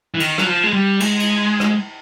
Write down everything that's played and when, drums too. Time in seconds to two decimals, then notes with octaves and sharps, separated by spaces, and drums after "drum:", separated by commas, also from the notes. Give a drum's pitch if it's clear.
0.15 E3
0.20 D#3, drum: cymbal
0.38 F#3, drum: rim click
0.46 F3
0.63 G#3
0.73 G3
1.00 G#3, drum: cymbal
1.20 drum: cymbal
1.60 drum: rim click